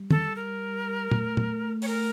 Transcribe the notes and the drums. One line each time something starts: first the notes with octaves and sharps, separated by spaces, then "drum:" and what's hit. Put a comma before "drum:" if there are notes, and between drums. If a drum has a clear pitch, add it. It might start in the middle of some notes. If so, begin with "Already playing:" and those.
Already playing: G3
A4, drum: tom
A#4
A3, drum: tom A#2
drum: tom A#2
C#5, drum: open hi-hat
A#4